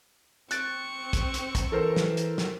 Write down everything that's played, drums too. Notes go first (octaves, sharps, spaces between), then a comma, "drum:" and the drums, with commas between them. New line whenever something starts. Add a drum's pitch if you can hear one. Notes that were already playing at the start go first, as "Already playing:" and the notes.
C4 C#6 F#6 A6 D7, drum: hi-hat
drum: kick, hi-hat
drum: hi-hat
drum: kick, hi-hat
E3 A4 A#4 C5
drum: snare
drum: hi-hat
drum: snare